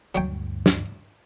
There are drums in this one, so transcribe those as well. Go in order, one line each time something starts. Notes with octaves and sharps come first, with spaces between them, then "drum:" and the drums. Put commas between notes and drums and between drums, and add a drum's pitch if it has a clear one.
D2 G2 F#3 C#5 G5
drum: snare